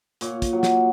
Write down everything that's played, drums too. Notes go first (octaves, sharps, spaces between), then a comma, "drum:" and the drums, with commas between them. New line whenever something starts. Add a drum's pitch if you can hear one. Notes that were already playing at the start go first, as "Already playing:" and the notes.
A#2 C#5, drum: hi-hat
drum: kick, hi-hat
F#3
drum: snare